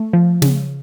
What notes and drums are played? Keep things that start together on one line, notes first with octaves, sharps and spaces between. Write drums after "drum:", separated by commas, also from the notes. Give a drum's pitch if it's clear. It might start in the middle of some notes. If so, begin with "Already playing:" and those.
Already playing: A3
F3
C#3, drum: snare